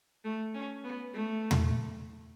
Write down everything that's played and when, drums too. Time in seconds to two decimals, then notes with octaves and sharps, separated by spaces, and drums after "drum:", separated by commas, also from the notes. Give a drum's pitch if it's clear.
0.25 A3
0.54 C#4
0.84 B3
1.14 A3
1.51 drum: tom